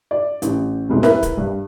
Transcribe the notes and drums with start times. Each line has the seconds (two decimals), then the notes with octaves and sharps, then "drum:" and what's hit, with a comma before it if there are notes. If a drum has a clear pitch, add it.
0.11 D5
0.42 A1, drum: hi-hat
0.89 F1 C2 G#2 B2
1.03 E4 A#4 B4 E5, drum: snare
1.23 drum: kick D1, hi-hat
1.37 G2